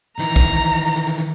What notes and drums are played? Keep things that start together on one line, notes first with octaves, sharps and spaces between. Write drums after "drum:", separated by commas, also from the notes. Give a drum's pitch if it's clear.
D#3 E3 A#5, drum: hi-hat
drum: kick